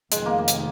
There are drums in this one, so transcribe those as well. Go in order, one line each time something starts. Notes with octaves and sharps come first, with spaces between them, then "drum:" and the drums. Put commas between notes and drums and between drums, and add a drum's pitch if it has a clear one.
F1 F2 D#3 G#3, drum: hi-hat
A#3
A#3
drum: hi-hat